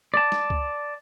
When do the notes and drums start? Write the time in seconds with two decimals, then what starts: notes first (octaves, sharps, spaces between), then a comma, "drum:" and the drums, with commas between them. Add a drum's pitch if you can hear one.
0.14 D5 A5
0.32 drum: snare
0.50 drum: kick C#2